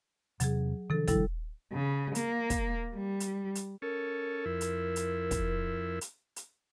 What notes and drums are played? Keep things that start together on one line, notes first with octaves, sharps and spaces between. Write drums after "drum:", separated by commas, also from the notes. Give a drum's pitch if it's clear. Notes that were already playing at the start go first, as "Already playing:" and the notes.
E2 C3 F#3 G#4, drum: hi-hat
C3 D#3 F3 D4 A4
G3 E4 A4, drum: kick, hi-hat
C#3
A#3, drum: hi-hat
drum: kick, hi-hat
G3
drum: hi-hat
drum: hi-hat
C#4 A4 A#4
F2 E4
drum: hi-hat
drum: hi-hat
drum: kick, hi-hat
drum: hi-hat
drum: hi-hat